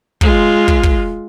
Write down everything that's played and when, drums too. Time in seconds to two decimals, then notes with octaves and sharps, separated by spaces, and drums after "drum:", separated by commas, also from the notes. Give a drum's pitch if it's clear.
0.21 G#3 F4, drum: kick
0.68 drum: kick
0.83 drum: kick